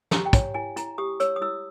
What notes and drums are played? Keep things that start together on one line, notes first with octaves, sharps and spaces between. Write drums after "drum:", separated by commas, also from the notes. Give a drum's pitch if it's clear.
G4 A#5, drum: snare
G5
C#5 G#5, drum: kick, hi-hat
E4 G#5
E4 A#5, drum: hi-hat
G4 D#6
C#5 E6, drum: hi-hat
D#6
E4 E6